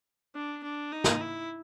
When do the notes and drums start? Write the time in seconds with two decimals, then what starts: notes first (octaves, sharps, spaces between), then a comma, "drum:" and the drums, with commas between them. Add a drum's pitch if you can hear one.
0.35 D4
0.63 D4
0.92 D#4
1.04 drum: snare
1.21 E4